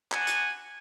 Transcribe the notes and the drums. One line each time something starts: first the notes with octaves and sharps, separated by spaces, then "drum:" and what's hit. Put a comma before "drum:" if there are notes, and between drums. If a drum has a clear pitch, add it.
B3 D4 F#4 F#5 G#5, drum: clap
drum: hi-hat